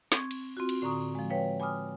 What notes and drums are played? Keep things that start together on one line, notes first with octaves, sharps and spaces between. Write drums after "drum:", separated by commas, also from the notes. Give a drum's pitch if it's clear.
C4 C#6 G#6, drum: snare
drum: cymbal
C4 F4 F#4
drum: cymbal
A2 D3 A#5 C#6 D#6
F3 G#3
B4 C#5 F5 G5
G#5 B5 D6 D#6 F6